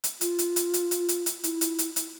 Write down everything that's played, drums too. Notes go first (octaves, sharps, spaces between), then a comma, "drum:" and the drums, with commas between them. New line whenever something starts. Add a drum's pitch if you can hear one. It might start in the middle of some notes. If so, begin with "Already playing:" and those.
drum: hi-hat
F4, drum: hi-hat
drum: hi-hat
drum: hi-hat
drum: hi-hat
drum: hi-hat
drum: hi-hat
drum: hi-hat
E4, drum: hi-hat
drum: hi-hat
drum: hi-hat
drum: hi-hat